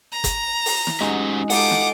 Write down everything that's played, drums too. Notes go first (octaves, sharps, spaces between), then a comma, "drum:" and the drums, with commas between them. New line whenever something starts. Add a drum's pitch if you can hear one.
A#5
drum: kick, hi-hat
drum: open hi-hat
drum: snare
G#3 C#4 D#4 F#4 G4 D#5
D#4 F4 G4 A4 F#5 D6, drum: open hi-hat
drum: snare